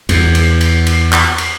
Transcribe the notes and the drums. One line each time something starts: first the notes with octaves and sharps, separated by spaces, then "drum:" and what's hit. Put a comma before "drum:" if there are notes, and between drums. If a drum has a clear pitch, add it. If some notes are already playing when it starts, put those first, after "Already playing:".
E2, drum: cymbal
drum: cymbal
drum: cymbal
drum: cymbal
drum: clap
drum: cymbal